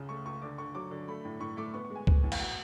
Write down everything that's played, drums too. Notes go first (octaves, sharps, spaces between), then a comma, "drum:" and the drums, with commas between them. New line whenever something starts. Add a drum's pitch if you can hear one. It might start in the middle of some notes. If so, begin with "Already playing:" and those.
Already playing: C#2 C#3
A3 C#6
C#2 C#6
D3 D6
D3 C#6
F#3 D6
D3
A3 B5
A2
A2 C#6
A3 D6
B3 C#6
C#6
G#3
G#5
B3, drum: kick C#2
A2
F5, drum: cymbal
B2 F#5